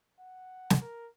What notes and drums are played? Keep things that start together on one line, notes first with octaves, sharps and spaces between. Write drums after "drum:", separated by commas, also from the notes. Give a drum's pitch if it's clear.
F#5
drum: snare
A#4